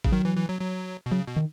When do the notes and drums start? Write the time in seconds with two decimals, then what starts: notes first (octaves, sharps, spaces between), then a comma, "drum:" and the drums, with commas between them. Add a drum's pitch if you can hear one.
0.04 C#3, drum: kick
0.12 D#3 F#3
0.25 E3
0.37 E3
0.49 F#3
0.61 F#3
1.06 B2
1.11 C#3 F#3
1.27 B2
1.36 D#3